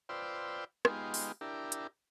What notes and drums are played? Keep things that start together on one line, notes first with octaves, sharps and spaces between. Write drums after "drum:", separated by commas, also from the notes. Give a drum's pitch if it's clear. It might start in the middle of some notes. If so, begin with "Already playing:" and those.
F4 B4 C5 D5 G5 E6
G#3 B3 D#4 F4 G4 C6, drum: rim click
drum: open hi-hat
D4 E4 G4 A#4
drum: hi-hat